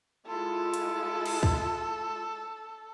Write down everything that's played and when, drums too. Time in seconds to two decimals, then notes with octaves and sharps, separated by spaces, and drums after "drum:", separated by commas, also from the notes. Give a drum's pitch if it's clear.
0.27 G#3 E4 F4 A4
0.74 drum: hi-hat
1.26 drum: cymbal
1.43 drum: kick